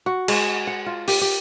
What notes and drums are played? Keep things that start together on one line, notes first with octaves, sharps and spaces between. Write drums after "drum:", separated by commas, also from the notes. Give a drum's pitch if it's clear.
F#4
G#3, drum: cymbal
F#5
F4
G4, drum: open hi-hat
G4